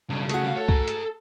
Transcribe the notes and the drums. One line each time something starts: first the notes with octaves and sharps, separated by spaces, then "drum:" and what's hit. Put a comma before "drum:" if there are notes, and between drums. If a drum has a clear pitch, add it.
B1 G2 C#3
A3 F#4 G#4, drum: hi-hat
G3 F5
A4 C#5
G#4 A#5, drum: kick C2
drum: hi-hat